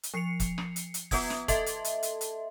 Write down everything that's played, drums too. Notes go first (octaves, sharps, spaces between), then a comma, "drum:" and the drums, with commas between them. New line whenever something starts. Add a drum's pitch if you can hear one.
drum: hi-hat
F3 C7 C#7 F7
drum: kick, hi-hat
drum: rim click
drum: hi-hat
drum: hi-hat
B3 F4 B4 F#5 D#6 G#6, drum: kick, open hi-hat
drum: rim click
A4 D#5 E5 A5 C6, drum: kick, hi-hat
drum: hi-hat
drum: hi-hat
drum: hi-hat
drum: hi-hat